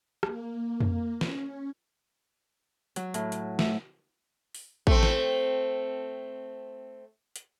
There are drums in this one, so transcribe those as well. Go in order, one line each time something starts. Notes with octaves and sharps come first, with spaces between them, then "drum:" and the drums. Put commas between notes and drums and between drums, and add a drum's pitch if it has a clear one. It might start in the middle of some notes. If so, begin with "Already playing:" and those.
A#3, drum: rim click
drum: tom F2
C#4, drum: snare
F#3, drum: hi-hat
A2, drum: hi-hat
drum: hi-hat
A3, drum: snare
drum: open hi-hat
A3 C4, drum: kick
drum: snare
drum: hi-hat